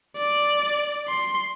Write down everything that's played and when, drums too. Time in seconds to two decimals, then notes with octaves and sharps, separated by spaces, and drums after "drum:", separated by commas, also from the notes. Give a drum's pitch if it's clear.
0.17 D5, drum: hi-hat
0.42 drum: hi-hat
0.67 drum: hi-hat
0.92 drum: hi-hat
1.08 C6